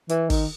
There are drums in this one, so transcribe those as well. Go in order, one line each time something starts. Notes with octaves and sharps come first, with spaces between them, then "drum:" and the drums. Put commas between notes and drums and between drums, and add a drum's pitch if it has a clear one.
E3, drum: hi-hat
D#3, drum: kick, open hi-hat